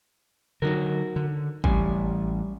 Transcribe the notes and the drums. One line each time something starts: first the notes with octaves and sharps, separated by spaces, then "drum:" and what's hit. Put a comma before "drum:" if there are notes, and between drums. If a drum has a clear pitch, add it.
D3 E3 F#3 D#4 F#4 A#4
D3
A1 G3 G#5, drum: kick